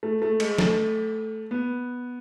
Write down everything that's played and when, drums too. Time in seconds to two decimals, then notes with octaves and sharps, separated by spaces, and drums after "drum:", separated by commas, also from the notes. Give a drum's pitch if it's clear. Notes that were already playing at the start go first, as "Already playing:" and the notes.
0.03 A3
0.22 A3
0.40 G#3, drum: cymbal
0.58 A3, drum: snare
1.51 B3